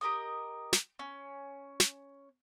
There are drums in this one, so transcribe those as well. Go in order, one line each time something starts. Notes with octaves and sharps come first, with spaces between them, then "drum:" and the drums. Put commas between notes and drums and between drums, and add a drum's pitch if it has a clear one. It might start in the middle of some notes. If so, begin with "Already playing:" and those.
G4 A#4 D#5 D#6
drum: snare
C#4
drum: snare